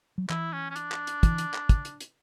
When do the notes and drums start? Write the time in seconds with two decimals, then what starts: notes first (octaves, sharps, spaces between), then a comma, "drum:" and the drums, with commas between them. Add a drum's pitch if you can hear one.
0.18 F#3
0.30 E3 E4, drum: clap
0.53 C#4
0.70 C#4
0.76 D4, drum: hi-hat
0.92 drum: clap
1.07 drum: hi-hat
1.23 E3, drum: kick, hi-hat
1.38 drum: hi-hat
1.54 drum: clap
1.69 drum: kick, hi-hat
1.85 drum: hi-hat
2.01 drum: hi-hat